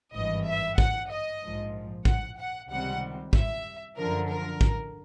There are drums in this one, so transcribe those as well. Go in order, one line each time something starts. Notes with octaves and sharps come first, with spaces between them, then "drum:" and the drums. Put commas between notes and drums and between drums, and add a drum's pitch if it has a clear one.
G#1 G2 E3 D#5
E5
F#5, drum: kick
D#5
A#1 G#2 F3
F#5, drum: kick
F#5
C#2 C3 D#3 G3 F#5
E5, drum: kick
F#2 D3 F3 A#4
A#4
drum: kick